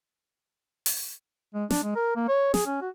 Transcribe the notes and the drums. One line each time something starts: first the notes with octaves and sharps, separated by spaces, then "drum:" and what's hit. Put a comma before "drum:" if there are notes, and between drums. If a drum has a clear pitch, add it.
drum: open hi-hat
G#3
D4, drum: snare
G#3
A#4
A#3
C#5
G#4, drum: snare
C#4
F#4